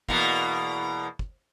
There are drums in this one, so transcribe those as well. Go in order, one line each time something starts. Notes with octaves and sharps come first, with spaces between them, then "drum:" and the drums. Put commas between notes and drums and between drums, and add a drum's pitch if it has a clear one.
E2 B2 A#3, drum: kick
drum: kick